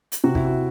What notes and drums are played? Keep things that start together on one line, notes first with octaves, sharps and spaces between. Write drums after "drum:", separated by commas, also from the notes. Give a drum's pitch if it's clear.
drum: hi-hat
C3 F#4
E4, drum: kick
F#4